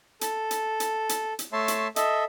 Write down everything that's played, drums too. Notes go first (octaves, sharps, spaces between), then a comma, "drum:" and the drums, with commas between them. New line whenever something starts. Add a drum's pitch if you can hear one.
A4, drum: hi-hat
drum: hi-hat
drum: hi-hat
drum: hi-hat
drum: hi-hat
A3 C#5 E5 A5 C6
drum: hi-hat
A4 D#5 E5, drum: hi-hat